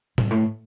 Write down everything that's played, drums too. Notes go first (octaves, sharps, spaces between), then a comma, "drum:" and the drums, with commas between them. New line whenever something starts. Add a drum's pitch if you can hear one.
G2, drum: tom A2
A2